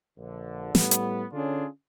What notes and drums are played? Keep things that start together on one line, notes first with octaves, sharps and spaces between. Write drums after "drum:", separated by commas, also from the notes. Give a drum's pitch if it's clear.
A#1 D3
A2 G3 B3, drum: snare
drum: hi-hat
D3 C#4 D4 F4 G#4